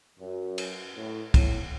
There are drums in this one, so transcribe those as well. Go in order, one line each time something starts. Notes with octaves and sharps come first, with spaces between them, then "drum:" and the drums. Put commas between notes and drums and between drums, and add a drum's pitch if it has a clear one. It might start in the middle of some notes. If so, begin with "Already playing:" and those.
F#2
drum: cymbal
A2
A2, drum: kick, cymbal